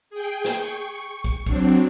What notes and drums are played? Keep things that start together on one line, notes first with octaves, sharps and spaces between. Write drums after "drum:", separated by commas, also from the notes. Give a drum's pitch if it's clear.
G#4 G5
drum: snare
C#6
drum: kick
F#3 C4 D4, drum: kick